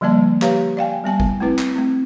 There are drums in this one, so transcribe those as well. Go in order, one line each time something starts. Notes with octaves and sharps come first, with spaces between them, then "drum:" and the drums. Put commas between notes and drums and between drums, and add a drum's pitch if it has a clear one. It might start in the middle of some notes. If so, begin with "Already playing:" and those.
D3 F3 G3 A#3 D5 A5
G4 B4 C#5 F5 A#5, drum: clap
D5 F5 G5 G#5
G3 B3 G#5 A5
drum: kick
A3 C4 E4 B4
drum: clap
A3 C4